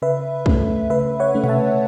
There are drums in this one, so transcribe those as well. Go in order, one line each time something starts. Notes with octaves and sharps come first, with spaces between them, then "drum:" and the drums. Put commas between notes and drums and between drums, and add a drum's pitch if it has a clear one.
C#3 B4 E5
A3 C#4, drum: kick
C#3 B4 E5
C#5 F#5
A3 C#4
F#5, drum: tom B2
E5 A5